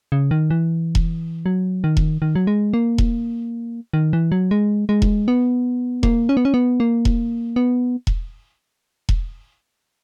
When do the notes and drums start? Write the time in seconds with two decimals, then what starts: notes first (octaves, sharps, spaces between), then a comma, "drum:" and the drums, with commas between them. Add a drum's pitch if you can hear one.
0.12 C#3
0.31 D#3
0.50 E3
0.95 drum: kick E1
1.46 F#3
1.84 D#3
1.97 drum: kick E1
2.22 D#3
2.35 F#3
2.47 G#3
2.74 A#3
2.98 drum: kick E1
3.94 D#3
4.13 E3
4.32 F#3
4.51 G#3
4.89 G#3
5.02 drum: kick E1
5.28 B3
6.03 A#3, drum: kick E1
6.29 C#4
6.37 B3
6.45 C#4
6.54 B3
6.80 A#3
7.05 drum: kick E1
7.56 B3
8.07 drum: kick E1
9.09 drum: kick E1